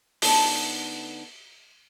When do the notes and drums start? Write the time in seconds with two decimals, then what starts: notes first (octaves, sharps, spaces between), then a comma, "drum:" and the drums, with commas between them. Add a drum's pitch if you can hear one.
0.22 D3 A3 B3 D#4 A5, drum: open hi-hat